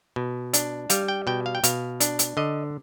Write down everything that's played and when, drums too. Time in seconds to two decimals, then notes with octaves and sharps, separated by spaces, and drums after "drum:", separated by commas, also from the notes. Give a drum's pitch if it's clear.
0.16 B2
0.53 D4, drum: hi-hat
0.90 G3 F5, drum: hi-hat
1.08 G5
1.27 B2 G5
1.46 F5
1.55 G5
1.63 B2 F5, drum: hi-hat
2.00 D4, drum: hi-hat
2.19 drum: hi-hat
2.37 D3 D#5